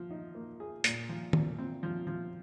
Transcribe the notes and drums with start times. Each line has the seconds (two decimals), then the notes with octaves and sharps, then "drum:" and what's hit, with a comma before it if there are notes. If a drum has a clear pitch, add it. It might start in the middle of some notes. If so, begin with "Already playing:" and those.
Already playing: F3
0.11 D#4
0.35 A#3
0.60 G#4
0.84 A#2, drum: hi-hat
1.09 F3
1.33 A#2, drum: tom
1.59 C4
1.83 F3
2.07 F3